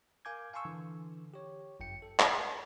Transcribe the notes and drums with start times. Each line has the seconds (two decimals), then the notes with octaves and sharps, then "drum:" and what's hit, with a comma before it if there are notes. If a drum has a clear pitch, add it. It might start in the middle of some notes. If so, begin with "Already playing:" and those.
0.25 A#4 F5 G#5 D6 G6 G#6
0.53 F5 G#5 A5 C6 C#6 E6
0.65 D3 E3
1.34 G4 C#5
1.80 G1 F#2 G5 C#7
2.02 A4
2.19 drum: clap